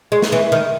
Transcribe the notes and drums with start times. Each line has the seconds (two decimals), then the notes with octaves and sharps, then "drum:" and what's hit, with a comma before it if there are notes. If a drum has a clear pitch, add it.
0.12 G#3
0.22 drum: snare
0.32 E3
0.52 D#3